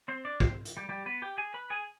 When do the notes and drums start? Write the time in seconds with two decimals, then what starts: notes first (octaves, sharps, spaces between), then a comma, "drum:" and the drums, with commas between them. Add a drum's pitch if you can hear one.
0.08 C4 C5
0.25 D4 D5
0.40 C4 C5, drum: kick
0.65 drum: hi-hat
0.77 G3 G4
0.89 G3 G4
1.06 B3 B4
1.22 G4 G5
1.38 G#4 G#5
1.54 B4 B5
1.70 G#4 G#5